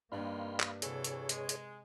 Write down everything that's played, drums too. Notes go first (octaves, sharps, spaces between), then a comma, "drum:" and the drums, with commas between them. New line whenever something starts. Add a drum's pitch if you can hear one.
G2 C3 D#3 A#3 F5 B5 C6
drum: clap
C3 E3 F#3 G#4 A4 C#5, drum: hi-hat
drum: hi-hat
G#3, drum: hi-hat
drum: hi-hat